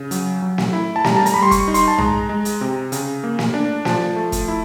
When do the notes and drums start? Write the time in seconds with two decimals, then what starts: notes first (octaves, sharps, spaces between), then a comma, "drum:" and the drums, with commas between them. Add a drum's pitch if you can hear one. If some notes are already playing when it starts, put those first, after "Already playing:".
Already playing: C#3
0.11 F#3, drum: hi-hat
0.42 F#3
0.58 drum: snare
0.73 E4
0.96 A5
1.04 G3 A#5, drum: snare
1.17 A5
1.26 A#5, drum: hi-hat
1.34 G3 B5
1.43 C6
1.51 C#6, drum: kick E1, hi-hat
1.68 D#4
1.74 C6, drum: hi-hat
1.88 A5
1.98 G#3 A#5, drum: tom
2.29 G#3
2.45 drum: hi-hat
2.61 C3
2.92 C#3, drum: hi-hat
3.24 A#3
3.39 drum: snare
3.54 D4
3.85 F3 A5, drum: snare
4.16 A3
4.32 drum: kick E1, hi-hat
4.48 E4